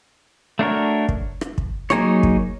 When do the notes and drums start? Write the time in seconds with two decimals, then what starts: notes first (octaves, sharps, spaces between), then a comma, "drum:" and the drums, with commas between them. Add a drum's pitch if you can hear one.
0.59 A3 D4 F#4 A#4 C#5
1.09 drum: kick
1.41 drum: rim click
1.58 drum: kick
1.90 F#3 A#3 D#4 G#4 C#5, drum: rim click
2.23 drum: kick